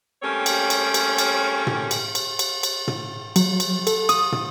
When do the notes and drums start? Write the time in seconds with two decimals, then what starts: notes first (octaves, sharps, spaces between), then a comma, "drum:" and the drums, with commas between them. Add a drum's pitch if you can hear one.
0.23 G3 A3 A#3 C4 C#4 C#5
0.46 drum: cymbal
0.70 drum: cymbal
0.94 drum: cymbal
1.18 drum: cymbal
1.67 drum: tom
1.91 drum: cymbal
2.15 drum: cymbal
2.39 drum: cymbal
2.63 drum: cymbal
2.87 drum: tom
3.36 F#3, drum: cymbal
3.60 drum: cymbal
3.87 A4, drum: cymbal
4.09 D#6, drum: cymbal
4.32 drum: tom